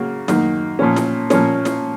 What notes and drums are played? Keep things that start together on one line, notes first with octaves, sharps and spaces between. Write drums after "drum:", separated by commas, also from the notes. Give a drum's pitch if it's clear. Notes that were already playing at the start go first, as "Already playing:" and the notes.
Already playing: C#3 F#3 A#3
F#2 D#3 A#3, drum: snare
A#2 F3 A#3 C#4
drum: snare
A#2 F3 A#3 C#4, drum: snare
drum: snare